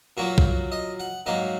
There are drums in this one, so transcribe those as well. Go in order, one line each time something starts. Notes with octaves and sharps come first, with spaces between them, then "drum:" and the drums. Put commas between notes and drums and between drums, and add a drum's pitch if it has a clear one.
A#2 F#3 A#3 F#4
drum: kick B1
D#5
F#5
G#2 F#3 A#3 D#5